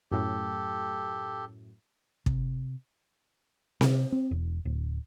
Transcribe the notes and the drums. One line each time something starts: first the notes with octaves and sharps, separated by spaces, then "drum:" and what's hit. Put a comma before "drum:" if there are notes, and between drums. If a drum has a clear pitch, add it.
F#2 A2 G4 A4
C3, drum: kick
C3, drum: snare C4
C4
E1
D1